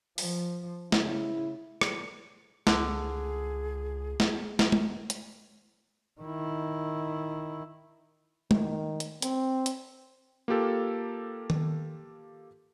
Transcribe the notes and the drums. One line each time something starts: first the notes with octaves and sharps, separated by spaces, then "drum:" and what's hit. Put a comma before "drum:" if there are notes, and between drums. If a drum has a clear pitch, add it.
F3, drum: open hi-hat
C#3 E4, drum: snare
drum: rim click
C#2 D3 G#4, drum: snare
drum: snare
drum: snare
drum: tom G#3
drum: hi-hat
D#3 E4
D#3, drum: tom G#3
drum: hi-hat
C4, drum: hi-hat
drum: hi-hat
A#3 F4 G4 A4
drum: tom D#3